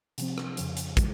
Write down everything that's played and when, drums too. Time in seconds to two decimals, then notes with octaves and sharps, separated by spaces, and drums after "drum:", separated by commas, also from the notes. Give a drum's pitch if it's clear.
0.18 C3 F3 C4, drum: hi-hat
0.38 drum: rim click
0.57 F2 C#3 F3, drum: hi-hat
0.77 drum: hi-hat
0.97 C#3 E3 G#3, drum: kick, hi-hat